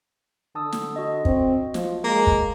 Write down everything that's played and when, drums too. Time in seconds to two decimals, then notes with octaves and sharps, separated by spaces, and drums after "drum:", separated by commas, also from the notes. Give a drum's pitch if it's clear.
0.55 D3 A5 D#6 E6
0.72 drum: snare
0.96 F#4 D#5
1.25 C4, drum: kick
1.74 F3, drum: snare
2.04 G#3 A#3
2.27 drum: kick